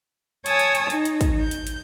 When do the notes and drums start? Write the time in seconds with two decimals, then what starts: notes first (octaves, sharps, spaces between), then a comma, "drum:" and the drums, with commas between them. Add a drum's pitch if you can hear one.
0.46 C#5 G#5 A5 D#6 E6, drum: hi-hat
0.59 drum: hi-hat
0.75 drum: hi-hat
0.90 D#4, drum: hi-hat
1.05 drum: hi-hat
1.21 drum: kick, hi-hat
1.39 G6
1.51 drum: hi-hat
1.67 drum: hi-hat